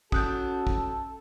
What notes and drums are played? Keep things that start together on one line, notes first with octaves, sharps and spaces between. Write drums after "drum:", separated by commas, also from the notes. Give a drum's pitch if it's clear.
C#4 F#4 A4 A5 D#6 F#6 G6, drum: kick
drum: kick